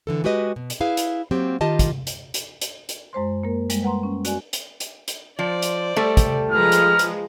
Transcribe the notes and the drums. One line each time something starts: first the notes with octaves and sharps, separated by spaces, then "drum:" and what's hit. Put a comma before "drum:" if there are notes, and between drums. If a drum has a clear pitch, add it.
D3 E3 A4
G#3 F#4 G4 B4 D#5
B2
drum: hi-hat
E4 G#4 B4 F5
drum: hi-hat
F#3 A#3 C4 G4
D#3 F4 G4 D#5 A5
drum: kick, hi-hat
drum: hi-hat
drum: hi-hat
drum: hi-hat
drum: hi-hat
F#2 G#3 C5 C6
A#3 A#4
G3 G#3, drum: hi-hat
B4 F#5 A#5 C6
C#4
F#4 D5 G#5, drum: hi-hat
drum: hi-hat
drum: hi-hat
drum: hi-hat
F3 C5 D5
drum: hi-hat
G3 A3 A4
drum: kick, hi-hat
F3 G#3 B4 A#5 F6
drum: hi-hat
drum: hi-hat